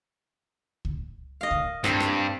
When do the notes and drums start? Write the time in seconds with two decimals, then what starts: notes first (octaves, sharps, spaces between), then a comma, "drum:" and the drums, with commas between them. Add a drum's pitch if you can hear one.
0.85 drum: kick C#2
1.41 D#5 F5
1.51 drum: kick C#2
1.84 G2 C4 A#5 B5, drum: rim click
2.00 drum: rim click